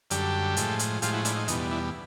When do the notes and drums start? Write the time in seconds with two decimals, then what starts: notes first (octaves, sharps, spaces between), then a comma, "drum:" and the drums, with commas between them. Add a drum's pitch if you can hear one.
0.11 F#2 D3 G3 G4 A4, drum: hi-hat
0.57 A2 F3 G#3, drum: hi-hat
0.79 drum: hi-hat
1.02 A2 F3 G#3 F4 G4, drum: hi-hat
1.13 E4 F#4
1.25 D4 E4, drum: hi-hat
1.36 D#4
1.48 E2 B2 G3 D#4, drum: hi-hat
1.59 D4
1.71 D4 E4